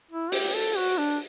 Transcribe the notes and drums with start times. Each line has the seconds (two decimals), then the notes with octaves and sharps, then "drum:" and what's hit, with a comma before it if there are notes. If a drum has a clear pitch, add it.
0.11 E4
0.32 G4, drum: open hi-hat
0.55 A4
0.77 F#4
0.98 D4